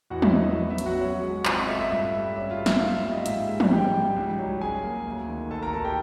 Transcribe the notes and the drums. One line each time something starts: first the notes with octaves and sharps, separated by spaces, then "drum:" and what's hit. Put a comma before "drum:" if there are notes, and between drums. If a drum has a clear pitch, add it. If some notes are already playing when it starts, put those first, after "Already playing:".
E2 F#4 F#5
E5, drum: tom
F#3 D#5
B3
E5
F#3, drum: hi-hat
F#4 F#5
C#4 F#4 F#5
G#3
C4 F4 F5, drum: clap
D#5
A3 E5
E5
G2 E5
G3
C#4 E5
F4 F5
G#3
E5, drum: snare
A#3 F4 F5
E5
G3
D#5
G#2 E5, drum: hi-hat
G#3
drum: tom
G#2 G4 G5
G3
C#2
F#3
C#4 G#4 G#5
A#3
D2
D#3
D2 A4 A5
A#4 A#5
D#3 A4 A5
G4 G5